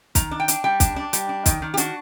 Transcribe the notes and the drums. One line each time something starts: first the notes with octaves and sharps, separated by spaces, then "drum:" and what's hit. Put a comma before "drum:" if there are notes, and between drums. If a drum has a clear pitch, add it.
D#3 A#5, drum: kick, hi-hat
D4
G5
D4, drum: hi-hat
G3 G5
D4, drum: kick, hi-hat
D4
G3, drum: hi-hat
D4
D#3, drum: kick, hi-hat
D#3
G4
D4 F#4, drum: hi-hat